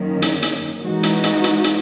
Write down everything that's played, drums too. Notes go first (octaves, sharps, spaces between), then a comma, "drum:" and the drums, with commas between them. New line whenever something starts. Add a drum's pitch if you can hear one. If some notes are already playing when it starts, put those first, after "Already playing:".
Already playing: F#2 D#3 A#3 C#4
drum: hi-hat
drum: hi-hat
E3 G#3 D#4 F#4
drum: hi-hat
drum: hi-hat
drum: hi-hat
drum: hi-hat